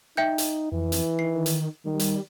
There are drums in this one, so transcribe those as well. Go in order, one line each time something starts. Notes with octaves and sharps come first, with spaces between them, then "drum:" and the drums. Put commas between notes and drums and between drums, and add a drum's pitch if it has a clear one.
D#4 E5 G5 G6
drum: hi-hat
F2 E3
drum: hi-hat
D#3 C7
drum: hi-hat
D#3 G3
drum: hi-hat